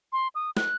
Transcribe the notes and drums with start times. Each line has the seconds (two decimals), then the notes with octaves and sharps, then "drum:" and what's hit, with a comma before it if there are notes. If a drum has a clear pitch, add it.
0.13 C6
0.35 D#6
0.57 F#6, drum: snare